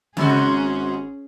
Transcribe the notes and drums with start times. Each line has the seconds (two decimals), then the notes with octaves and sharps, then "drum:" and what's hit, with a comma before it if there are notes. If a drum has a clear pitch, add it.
0.17 G#1 G#2 C#4 D#4 F#4 G#4, drum: tom C#3